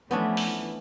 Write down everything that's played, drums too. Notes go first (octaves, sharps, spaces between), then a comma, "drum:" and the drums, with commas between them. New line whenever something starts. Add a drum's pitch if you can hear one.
E3 F3 A3 B3 C#4 D4
drum: open hi-hat